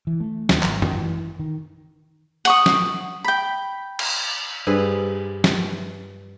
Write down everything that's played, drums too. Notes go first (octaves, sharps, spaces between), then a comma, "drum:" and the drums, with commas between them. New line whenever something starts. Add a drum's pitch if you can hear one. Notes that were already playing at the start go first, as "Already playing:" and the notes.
E3
A3
D#2, drum: snare
G#1, drum: clap
drum: tom F#2
E3
D#3
F#5 C#6 D#6, drum: hi-hat
drum: snare
G5 B5
drum: cymbal
G2 G#4 B4 C5
drum: snare